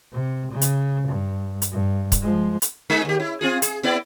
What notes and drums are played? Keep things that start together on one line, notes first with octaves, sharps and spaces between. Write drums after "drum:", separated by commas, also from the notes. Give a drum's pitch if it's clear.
C3
C#3
drum: hi-hat
G2
drum: hi-hat
G2
drum: kick, hi-hat
F3 G#3
drum: hi-hat
G#3 D#4 G#4
D#2 G4
E4
C4 F4 G#4
G#4, drum: hi-hat
B3 E4 D5